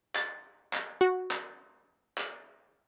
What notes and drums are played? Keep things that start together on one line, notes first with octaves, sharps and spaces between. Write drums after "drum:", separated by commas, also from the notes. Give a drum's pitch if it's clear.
A6, drum: clap
drum: clap
F#4
drum: clap
drum: clap